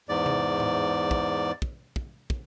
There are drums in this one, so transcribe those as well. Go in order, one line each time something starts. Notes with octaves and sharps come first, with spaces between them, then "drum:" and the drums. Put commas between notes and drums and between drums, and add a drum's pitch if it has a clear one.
E2 G#2 D5
drum: tom C3
drum: tom A2
drum: kick
drum: kick
drum: kick
drum: kick